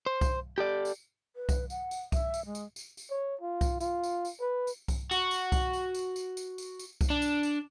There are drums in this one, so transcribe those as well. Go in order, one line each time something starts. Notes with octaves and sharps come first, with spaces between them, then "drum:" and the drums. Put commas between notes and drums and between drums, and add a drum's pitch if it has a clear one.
C5
drum: kick C2, tambourine
G4 A4 D5
drum: tambourine
B4
drum: kick C2, tambourine
F#5, drum: tambourine
drum: tambourine
E5, drum: kick C2, tambourine
drum: tambourine
G#3
drum: tambourine
drum: tambourine
drum: tambourine
C#5
F4
drum: kick C2, tambourine
F4, drum: tambourine
drum: tambourine
drum: tambourine
B4
drum: tambourine
drum: kick C2, tambourine
F#4, drum: tambourine
drum: tambourine
drum: kick C2, tambourine
drum: tambourine
drum: tambourine
drum: tambourine
drum: tambourine
drum: tambourine
drum: tambourine
drum: kick C2, tambourine
D4
drum: tambourine
drum: tambourine